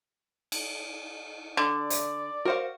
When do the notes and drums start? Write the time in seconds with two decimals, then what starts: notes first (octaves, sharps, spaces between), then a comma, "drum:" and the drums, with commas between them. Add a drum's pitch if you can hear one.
0.52 drum: cymbal
1.57 D3 D5
1.90 drum: hi-hat
2.45 F#4 A#4 C5 F5 F#5